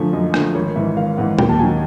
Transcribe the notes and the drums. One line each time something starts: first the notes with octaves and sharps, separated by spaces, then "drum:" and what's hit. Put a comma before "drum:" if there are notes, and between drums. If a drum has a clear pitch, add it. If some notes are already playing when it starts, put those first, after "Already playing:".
Already playing: F#2 D3 F3 A3 E5
F#2 D#5
D3 F3 A3, drum: rim click
G#1 C#5
G#2 E3 E5
G#1 F5
G#2 E3 F#5
D#2 G5, drum: tom A#2
A5
D#3 F#3 G#5